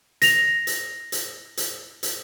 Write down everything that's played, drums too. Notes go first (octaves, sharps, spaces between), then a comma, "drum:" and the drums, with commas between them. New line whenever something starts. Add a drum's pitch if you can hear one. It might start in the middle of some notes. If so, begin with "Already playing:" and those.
A#6 F7, drum: hi-hat
drum: hi-hat
drum: hi-hat
drum: hi-hat
drum: hi-hat